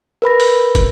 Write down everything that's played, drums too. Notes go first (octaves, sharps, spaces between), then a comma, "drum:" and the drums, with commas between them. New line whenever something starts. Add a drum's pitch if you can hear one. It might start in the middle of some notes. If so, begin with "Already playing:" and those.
A#4 B4 B5 A#6
drum: open hi-hat
drum: kick, hi-hat